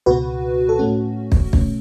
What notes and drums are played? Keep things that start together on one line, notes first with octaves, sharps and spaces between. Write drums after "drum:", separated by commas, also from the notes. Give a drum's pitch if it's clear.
C#2 B2 B3 F#4 B4
A4
A2 A3 C#4 F#4
drum: kick
B2 A3 C#4, drum: kick